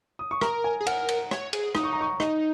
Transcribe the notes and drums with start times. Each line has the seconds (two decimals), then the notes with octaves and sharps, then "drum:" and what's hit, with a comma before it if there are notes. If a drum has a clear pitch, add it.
0.19 D#6
0.31 C#6
0.41 A#4 A#5, drum: rim click
0.64 G#5
0.81 G#4
0.86 A#4 F#5, drum: cymbal
1.08 drum: cymbal
1.31 C#5, drum: rim click
1.53 G#4, drum: cymbal
1.75 D#4 D#6, drum: rim click
1.83 C#6
1.93 A#5
2.01 C#6
2.20 D#4 D#5, drum: rim click